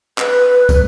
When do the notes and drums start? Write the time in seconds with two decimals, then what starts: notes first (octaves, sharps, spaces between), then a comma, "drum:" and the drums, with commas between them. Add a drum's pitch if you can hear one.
0.18 B4, drum: clap
0.69 drum: kick, tambourine